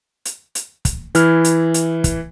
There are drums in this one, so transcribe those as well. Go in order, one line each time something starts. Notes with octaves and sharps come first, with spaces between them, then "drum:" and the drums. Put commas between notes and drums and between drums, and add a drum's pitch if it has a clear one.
drum: hi-hat
drum: hi-hat
drum: kick, hi-hat
E3 E4 F6, drum: hi-hat
drum: hi-hat
drum: hi-hat
drum: kick, hi-hat